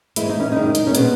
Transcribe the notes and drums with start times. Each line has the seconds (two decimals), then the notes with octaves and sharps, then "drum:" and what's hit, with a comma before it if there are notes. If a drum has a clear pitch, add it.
0.16 G#2 E3 G#3 E4, drum: hi-hat
0.29 D#4
0.40 C#4
0.52 F#2 D#3 G#3 D#4
0.75 drum: hi-hat
0.87 C#4
0.95 B2 G#3 B3, drum: hi-hat